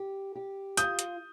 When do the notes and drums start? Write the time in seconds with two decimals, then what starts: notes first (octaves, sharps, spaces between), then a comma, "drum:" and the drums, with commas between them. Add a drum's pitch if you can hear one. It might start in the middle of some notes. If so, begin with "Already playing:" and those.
Already playing: G4
0.35 G4
0.77 F4 D#6 G6, drum: hi-hat
0.99 drum: hi-hat